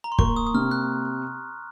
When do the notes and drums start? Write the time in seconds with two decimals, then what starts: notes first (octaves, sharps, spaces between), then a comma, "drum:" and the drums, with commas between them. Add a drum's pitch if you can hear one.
0.04 A#5
0.12 C6
0.19 A#3 C#6, drum: kick
0.36 D#6
0.47 D#6
0.54 C3 F6
0.71 F#6